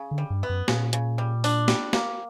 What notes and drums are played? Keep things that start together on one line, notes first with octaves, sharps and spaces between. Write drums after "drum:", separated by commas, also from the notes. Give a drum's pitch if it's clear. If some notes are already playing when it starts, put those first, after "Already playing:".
Already playing: C#3
D3
G3
G2
B3
F#2
A#2 C#3, drum: snare
C#3, drum: hi-hat
G3
D4, drum: open hi-hat
G3, drum: snare
A#3, drum: snare